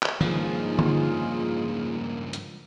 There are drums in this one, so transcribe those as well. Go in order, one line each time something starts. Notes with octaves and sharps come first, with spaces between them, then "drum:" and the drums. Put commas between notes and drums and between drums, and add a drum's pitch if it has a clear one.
drum: clap
C#2 G2 F3 A#3 D#4 F4 G#4, drum: tom D#3
drum: tom D3
drum: hi-hat